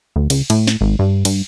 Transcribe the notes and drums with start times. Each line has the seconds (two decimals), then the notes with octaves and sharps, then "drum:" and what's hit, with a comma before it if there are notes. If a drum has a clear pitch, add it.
0.16 D2
0.30 C#2, drum: cymbal
0.50 A2, drum: cymbal
0.67 drum: snare
0.81 G#1
0.99 G2
1.25 G2, drum: cymbal